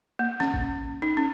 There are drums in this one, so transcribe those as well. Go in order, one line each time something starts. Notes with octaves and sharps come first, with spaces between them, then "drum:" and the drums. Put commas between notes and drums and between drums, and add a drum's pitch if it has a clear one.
A#3
C#4, drum: snare
drum: kick
D#4
C#4